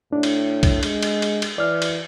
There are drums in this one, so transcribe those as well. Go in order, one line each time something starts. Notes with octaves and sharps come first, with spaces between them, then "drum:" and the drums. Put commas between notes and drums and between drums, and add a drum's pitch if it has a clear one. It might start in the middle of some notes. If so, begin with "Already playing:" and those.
A2 D4
drum: cymbal
drum: kick, cymbal
G#3, drum: cymbal
drum: cymbal
drum: cymbal
drum: cymbal
E3 D5 F6
drum: cymbal